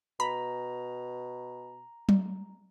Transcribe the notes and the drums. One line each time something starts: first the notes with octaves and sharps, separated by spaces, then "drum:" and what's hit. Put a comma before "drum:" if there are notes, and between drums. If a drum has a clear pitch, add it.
B2 A#5 B5
drum: tom F#3